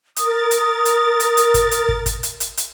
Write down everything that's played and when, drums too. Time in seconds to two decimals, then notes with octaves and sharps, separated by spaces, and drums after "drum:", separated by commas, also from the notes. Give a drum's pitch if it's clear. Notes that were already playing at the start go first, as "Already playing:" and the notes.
0.16 A#4 D#6 A6, drum: hi-hat
0.51 drum: hi-hat
0.85 drum: hi-hat
1.20 drum: hi-hat
1.37 drum: hi-hat
1.54 drum: kick, hi-hat
1.71 drum: hi-hat
1.89 drum: kick
2.06 drum: kick, hi-hat
2.23 drum: hi-hat
2.40 drum: hi-hat
2.57 drum: hi-hat